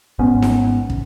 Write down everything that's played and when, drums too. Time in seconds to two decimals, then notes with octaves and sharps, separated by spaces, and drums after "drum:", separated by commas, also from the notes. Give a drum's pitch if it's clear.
0.19 G#1 G#2 B3 C#4
0.42 drum: snare D#4
0.90 drum: kick